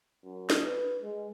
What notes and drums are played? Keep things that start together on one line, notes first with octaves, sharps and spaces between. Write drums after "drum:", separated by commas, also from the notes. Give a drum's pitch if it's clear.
F#2
drum: snare
B4
G#3